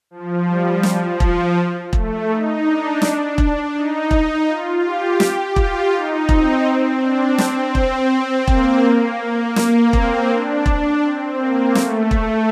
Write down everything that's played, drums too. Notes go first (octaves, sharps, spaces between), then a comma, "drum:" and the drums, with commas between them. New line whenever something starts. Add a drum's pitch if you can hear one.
F3
G3
F3, drum: snare
F3, drum: kick E1
A3, drum: kick E1
D#4
D4
drum: snare
drum: kick E1
D#4
drum: kick E1
F4
G4
drum: snare
F4, drum: kick E1
D#4
C4, drum: kick E1
D4
C4, drum: snare
C4, drum: kick E1
A#3, drum: kick E1
A#3, drum: snare
C4, drum: kick E1
D4
D4, drum: kick E1
C4
A#3
A3, drum: snare
A3, drum: kick E1